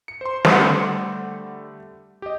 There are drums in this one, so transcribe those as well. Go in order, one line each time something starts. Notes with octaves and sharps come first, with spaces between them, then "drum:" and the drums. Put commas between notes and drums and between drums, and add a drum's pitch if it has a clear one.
C#7
C5 C6
D3 G3 A3 C4 F#5, drum: snare
G4 D#5